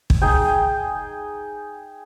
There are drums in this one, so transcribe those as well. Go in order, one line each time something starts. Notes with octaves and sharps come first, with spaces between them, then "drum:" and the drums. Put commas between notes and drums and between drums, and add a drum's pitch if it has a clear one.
drum: kick
D#4 G#4 G5